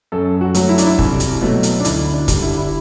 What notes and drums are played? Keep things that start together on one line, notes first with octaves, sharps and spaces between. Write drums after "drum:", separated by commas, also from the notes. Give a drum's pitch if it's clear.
F#2 A4
F#4
F#3 A3, drum: hi-hat
E4
D4, drum: hi-hat
E4
C2, drum: kick
drum: hi-hat
B2 F#3 A3
drum: hi-hat
D4
D2 E4, drum: hi-hat
D4
D3 G3, drum: kick, hi-hat
E4
D4
E4